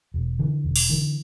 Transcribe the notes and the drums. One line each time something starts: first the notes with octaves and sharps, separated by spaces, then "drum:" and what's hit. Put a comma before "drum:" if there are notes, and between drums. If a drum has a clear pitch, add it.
E1
D3 E3
E1
drum: open hi-hat
D3 E3